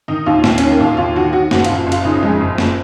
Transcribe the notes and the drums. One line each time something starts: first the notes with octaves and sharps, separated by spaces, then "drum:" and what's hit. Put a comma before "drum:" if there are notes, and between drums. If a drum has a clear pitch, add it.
D#3 D#4
D#2 F4
D#2, drum: snare A#3
D#3 C#4, drum: cymbal
A#3
D#2 F4
D#2 F4
D#3 F#4
D#3 F#4
F#1 F#4, drum: snare A#3
F#1 F4, drum: cymbal
F#1
F4, drum: cymbal
C#3 D#4
F2 G#3
F#1
F#1, drum: snare A#3